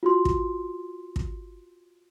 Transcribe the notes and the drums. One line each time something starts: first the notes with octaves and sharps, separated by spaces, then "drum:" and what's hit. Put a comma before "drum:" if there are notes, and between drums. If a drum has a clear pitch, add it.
F4 F#4 C6
drum: kick
drum: kick